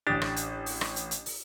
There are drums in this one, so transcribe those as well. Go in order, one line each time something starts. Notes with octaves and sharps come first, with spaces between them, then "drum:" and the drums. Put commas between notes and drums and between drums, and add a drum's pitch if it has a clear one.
A1 D4 G4 D#6 A6
drum: rim click
drum: hi-hat
drum: open hi-hat
drum: rim click
drum: hi-hat
drum: hi-hat
drum: open hi-hat